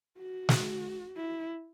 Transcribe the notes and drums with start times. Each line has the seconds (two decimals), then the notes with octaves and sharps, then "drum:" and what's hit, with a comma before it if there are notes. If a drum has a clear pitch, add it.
0.19 F#4
0.49 drum: snare
1.17 E4